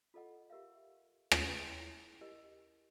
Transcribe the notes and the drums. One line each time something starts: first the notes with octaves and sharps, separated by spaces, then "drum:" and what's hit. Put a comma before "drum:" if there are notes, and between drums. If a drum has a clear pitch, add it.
F4 A4 D#5 F#5
G4 A#4 E5 F5
D#6, drum: rim click
E4 C#5 G5 C6
G4 A#4 D#5